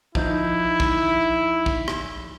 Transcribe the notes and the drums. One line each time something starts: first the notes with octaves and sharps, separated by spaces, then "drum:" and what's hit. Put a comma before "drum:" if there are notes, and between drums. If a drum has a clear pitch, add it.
F3 D#4 E4 G6, drum: kick
drum: kick
drum: kick
drum: rim click